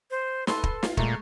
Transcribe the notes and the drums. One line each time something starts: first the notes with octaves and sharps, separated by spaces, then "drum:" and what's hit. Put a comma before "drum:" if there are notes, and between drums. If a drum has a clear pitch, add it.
C5
A4 B4 C6, drum: snare
drum: kick
F4, drum: snare
A#2 G#3 A3 A#5, drum: kick